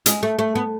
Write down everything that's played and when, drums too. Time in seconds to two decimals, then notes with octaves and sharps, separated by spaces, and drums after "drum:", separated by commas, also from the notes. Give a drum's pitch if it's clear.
0.06 G#3, drum: hi-hat
0.23 A3
0.39 A3
0.55 B3